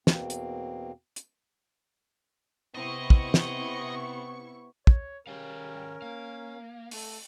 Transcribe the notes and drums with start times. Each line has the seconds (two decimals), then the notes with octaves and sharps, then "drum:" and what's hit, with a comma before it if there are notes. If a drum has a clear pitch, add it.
0.07 E2 B2 A#3 C4, drum: snare
0.30 drum: hi-hat
1.16 drum: hi-hat
2.75 C3 B3 C4 E4 D#5 C#6
3.10 drum: kick
3.34 drum: snare
4.87 C#5, drum: kick
5.27 D#3 G3 C#4 G4 G#4 A#4 F5
6.02 A#3 F5
6.91 A3, drum: open hi-hat